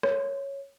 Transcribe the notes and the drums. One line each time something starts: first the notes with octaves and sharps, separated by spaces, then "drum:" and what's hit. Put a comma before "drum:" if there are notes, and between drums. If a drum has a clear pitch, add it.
C#5, drum: rim click